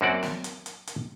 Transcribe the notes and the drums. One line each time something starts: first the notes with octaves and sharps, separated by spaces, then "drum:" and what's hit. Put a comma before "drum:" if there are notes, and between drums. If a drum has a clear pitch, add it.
F#2 A#3 C4 F#4 D5 F#5
drum: snare
drum: hi-hat
drum: hi-hat
drum: hi-hat